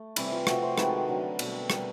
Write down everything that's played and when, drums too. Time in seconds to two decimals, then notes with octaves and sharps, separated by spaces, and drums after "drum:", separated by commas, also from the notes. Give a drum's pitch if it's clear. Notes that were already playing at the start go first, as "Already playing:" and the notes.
Already playing: A3
0.16 C3 E3 G3 E4, drum: cymbal
0.32 F4
0.47 C3 F3 A3 F#4, drum: rim click
0.62 C5
0.78 C3 D#3 G#3 B4, drum: rim click
0.89 A4
1.08 D3 F#3 A3
1.39 B2 G3, drum: cymbal
1.70 B2 G3 A#4, drum: rim click